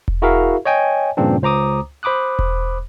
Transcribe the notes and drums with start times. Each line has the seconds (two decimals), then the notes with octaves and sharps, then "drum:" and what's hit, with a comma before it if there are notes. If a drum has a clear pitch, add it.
0.08 drum: kick E1
0.22 E4 F#4 G#4 A#4 E5 F5
0.65 C#5 D#5 G5 G#5
1.17 G2 A#2 C#3 F3 C4 D4
1.42 C#2 C5 A#5 D6 D#6
2.03 C5 B5 D6 D#6 F#6
2.39 drum: kick E1